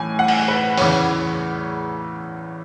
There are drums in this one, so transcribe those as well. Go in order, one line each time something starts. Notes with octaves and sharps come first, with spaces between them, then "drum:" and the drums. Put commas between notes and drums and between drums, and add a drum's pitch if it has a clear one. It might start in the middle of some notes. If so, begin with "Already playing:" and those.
Already playing: A2 E3 G#5
F#5
drum: cymbal
B4
E2 C#3 E3 C#5, drum: open hi-hat